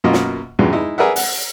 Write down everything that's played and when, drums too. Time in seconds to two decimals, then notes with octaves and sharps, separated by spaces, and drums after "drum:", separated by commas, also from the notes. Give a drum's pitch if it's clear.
0.04 F#2 B2 A#3 F4 D#5
0.13 drum: snare
0.59 E2 G2 A#2 C#3 F#3
0.73 G#3 D#4 E4
0.98 G#4 A#4 B4 D5 E5 F#5
1.16 F#5, drum: open hi-hat